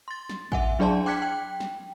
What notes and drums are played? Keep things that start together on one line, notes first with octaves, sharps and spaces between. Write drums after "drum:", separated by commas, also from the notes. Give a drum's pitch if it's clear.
C6 A6
drum: snare
E5 F#5 G#5, drum: kick A1
F#3 D4 G#4 D5 A5 C6
G5 D6 F#6 G#6 B6 C#7
G5
drum: snare